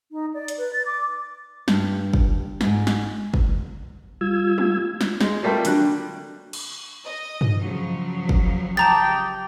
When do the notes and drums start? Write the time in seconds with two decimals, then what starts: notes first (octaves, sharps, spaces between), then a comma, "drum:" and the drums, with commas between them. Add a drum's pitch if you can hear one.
0.12 D#4
0.34 D5
0.48 drum: hi-hat
0.58 B4
0.73 A6
0.86 D6
1.68 G2, drum: snare
2.13 drum: kick
2.61 D#2 G#2, drum: snare
2.87 drum: snare
3.34 drum: kick
4.21 G3 F4 E6 G#6
4.58 drum: tom G#3
5.01 drum: snare
5.20 G#3, drum: snare
5.43 A#2 G3 A3 A#3 C4
5.65 D3 F#3 G3 D4 F#6, drum: hi-hat
6.53 drum: cymbal
7.05 D#5
7.41 drum: tom G2
7.60 C#3 F3 F#3
8.29 drum: kick
8.77 G4 D#5 G5 A5 A#5 A6